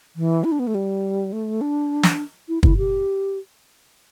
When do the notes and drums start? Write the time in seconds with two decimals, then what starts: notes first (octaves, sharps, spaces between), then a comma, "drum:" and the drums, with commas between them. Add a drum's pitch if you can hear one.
0.16 E3
0.44 E4
0.52 D4
0.59 B3
0.67 A3
0.75 G3
1.33 A3
1.61 D4
2.03 drum: snare
2.49 E4
2.63 E4, drum: kick
2.78 G4